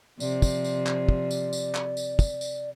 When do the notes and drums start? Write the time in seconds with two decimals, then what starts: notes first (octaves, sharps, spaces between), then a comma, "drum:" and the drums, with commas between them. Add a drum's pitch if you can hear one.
0.20 C3 F3 D5, drum: tambourine
0.42 drum: kick, tambourine
0.64 drum: tambourine
0.86 drum: clap
1.09 drum: kick
1.31 drum: tambourine
1.53 drum: tambourine
1.75 drum: clap
1.97 drum: tambourine
2.19 drum: kick, tambourine
2.41 drum: tambourine